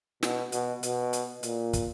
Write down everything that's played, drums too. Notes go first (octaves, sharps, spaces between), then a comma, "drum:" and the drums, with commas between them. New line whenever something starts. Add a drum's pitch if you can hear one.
B2, drum: snare
B2, drum: hi-hat
B2, drum: hi-hat
drum: hi-hat
A#2, drum: hi-hat
drum: kick, hi-hat